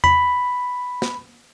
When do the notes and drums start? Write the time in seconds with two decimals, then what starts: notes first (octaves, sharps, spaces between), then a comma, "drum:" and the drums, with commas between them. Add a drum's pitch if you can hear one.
0.04 B5, drum: tom E2
1.02 drum: snare